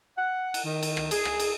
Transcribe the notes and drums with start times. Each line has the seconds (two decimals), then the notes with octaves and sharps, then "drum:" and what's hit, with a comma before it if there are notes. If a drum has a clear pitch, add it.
0.18 F#5
0.54 drum: cymbal
0.65 D#3
0.83 drum: cymbal
0.97 drum: rim click
1.11 G#4, drum: cymbal
1.25 drum: rim click
1.40 drum: cymbal